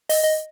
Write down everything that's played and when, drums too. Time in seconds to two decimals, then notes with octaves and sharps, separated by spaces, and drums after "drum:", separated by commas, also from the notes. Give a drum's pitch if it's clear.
0.09 D#5, drum: open hi-hat
0.24 D#5